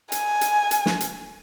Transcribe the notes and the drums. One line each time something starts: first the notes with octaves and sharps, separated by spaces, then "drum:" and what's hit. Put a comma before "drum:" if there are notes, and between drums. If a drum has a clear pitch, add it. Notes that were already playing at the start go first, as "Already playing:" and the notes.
G#5, drum: hi-hat
drum: hi-hat
drum: hi-hat
drum: snare
drum: hi-hat